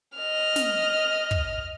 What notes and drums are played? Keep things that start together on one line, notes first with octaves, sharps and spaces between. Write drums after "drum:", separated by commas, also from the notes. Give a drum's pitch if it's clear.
D#5 F6
drum: snare
drum: kick